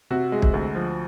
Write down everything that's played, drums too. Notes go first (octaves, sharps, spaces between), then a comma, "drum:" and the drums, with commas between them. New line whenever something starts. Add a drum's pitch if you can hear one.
C3 F#4
G#3
drum: kick
D2
F3